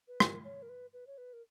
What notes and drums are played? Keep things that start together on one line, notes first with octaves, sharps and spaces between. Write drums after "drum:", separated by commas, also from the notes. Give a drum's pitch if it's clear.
B4
A#4, drum: rim click
C#5
A#4
B4
B4
C#5
B4
A#4